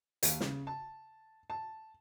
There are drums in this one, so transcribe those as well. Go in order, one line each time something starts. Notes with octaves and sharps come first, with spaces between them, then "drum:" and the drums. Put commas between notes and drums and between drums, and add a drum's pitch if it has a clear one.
D#2, drum: hi-hat
C#3, drum: snare
A5
A5